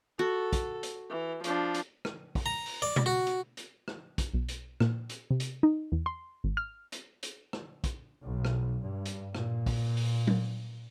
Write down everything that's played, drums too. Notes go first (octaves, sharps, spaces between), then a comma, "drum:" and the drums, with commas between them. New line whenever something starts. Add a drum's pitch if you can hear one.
F#4 A4
drum: kick, hi-hat
drum: hi-hat
E3
F3 D4, drum: hi-hat
drum: hi-hat
drum: rim click
drum: kick, open hi-hat
A#5
drum: open hi-hat
D5
drum: tom B2
F#4
drum: hi-hat
drum: hi-hat
drum: rim click
drum: kick, hi-hat
B1
drum: hi-hat
A#2, drum: rim click
drum: hi-hat
C3
drum: hi-hat
D#4
E2
C6
G#1
F6
drum: hi-hat
drum: hi-hat
drum: rim click
drum: kick, hi-hat
B1
drum: rim click
G2
drum: hi-hat
A#2, drum: rim click
drum: kick, open hi-hat
drum: open hi-hat
drum: tom F#3